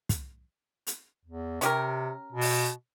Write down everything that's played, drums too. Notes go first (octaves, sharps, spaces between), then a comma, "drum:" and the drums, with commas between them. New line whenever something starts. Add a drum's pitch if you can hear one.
drum: kick, hi-hat
drum: hi-hat
E2
C3 C#4 G4 A#4, drum: hi-hat
B2
drum: open hi-hat